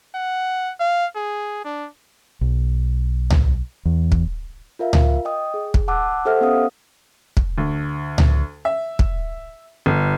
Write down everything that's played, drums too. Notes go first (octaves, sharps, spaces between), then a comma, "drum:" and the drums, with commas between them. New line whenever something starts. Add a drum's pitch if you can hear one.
F#5
F5
G#4
D4
B1
drum: tom C#2
E2
drum: kick
F4 A#4 E5 F5
drum: tom C#2
D#5 G5 D#6
G#4
drum: kick
F#5 A5 D6 E6 F#6
G4 A4 C5 E5 F#5 F6
B3 C#4 F5 D#6
drum: kick
D2
drum: tom C#2
E5
drum: kick
G1